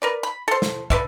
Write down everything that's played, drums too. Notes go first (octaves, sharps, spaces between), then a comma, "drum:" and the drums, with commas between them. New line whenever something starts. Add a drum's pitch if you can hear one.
A#4 B4 D5
B5
A4 C5
drum: snare
D3 B4 D5 E5, drum: kick